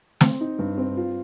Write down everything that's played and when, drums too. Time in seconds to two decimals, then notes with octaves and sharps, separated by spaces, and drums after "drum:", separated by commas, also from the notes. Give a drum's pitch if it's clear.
0.21 C4, drum: snare
0.41 D#4
0.59 G2
0.78 C4
0.97 F4